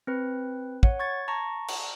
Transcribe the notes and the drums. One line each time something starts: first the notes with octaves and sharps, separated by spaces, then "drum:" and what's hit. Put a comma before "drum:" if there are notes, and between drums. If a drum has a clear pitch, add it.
C4 B4
C#5 F#5, drum: kick
C#6 G#6 A6
A5 A#5 C#6 A#6
drum: cymbal